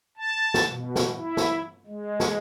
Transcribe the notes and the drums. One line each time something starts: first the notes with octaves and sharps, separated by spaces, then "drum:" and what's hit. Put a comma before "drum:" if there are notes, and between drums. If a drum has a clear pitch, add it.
A5
drum: snare
B2
drum: snare
E4
drum: snare
G#3
drum: snare